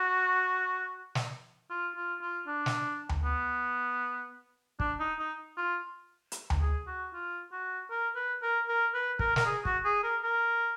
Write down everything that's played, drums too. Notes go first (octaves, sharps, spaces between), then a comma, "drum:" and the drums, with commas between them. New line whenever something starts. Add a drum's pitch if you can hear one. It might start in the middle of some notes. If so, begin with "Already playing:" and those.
Already playing: F#4
drum: snare
F4
F4
F4
D4
drum: snare
drum: tom D2
B3
D4, drum: kick
D#4
D#4
F4
drum: hi-hat
drum: tom D2
G#4
F#4
F4
F#4
A#4
B4
A#4
A#4
B4
A#4, drum: kick
A#4, drum: snare
G#4
F#4, drum: kick
G#4
A#4
A#4